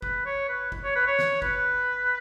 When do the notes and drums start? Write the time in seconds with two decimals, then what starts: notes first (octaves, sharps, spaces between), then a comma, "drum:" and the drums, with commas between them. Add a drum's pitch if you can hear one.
0.02 B4, drum: kick F#1
0.26 C#5
0.49 B4
0.72 drum: kick F#1
0.84 C#5
0.96 B4
1.07 C#5
1.19 drum: snare
1.42 B4, drum: kick F#1